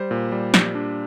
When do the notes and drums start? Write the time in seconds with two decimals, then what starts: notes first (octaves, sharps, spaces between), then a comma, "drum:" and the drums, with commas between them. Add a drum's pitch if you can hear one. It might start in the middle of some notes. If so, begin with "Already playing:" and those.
Already playing: G3 C5
0.11 A#2
0.32 G3
0.54 G3, drum: snare
0.75 D4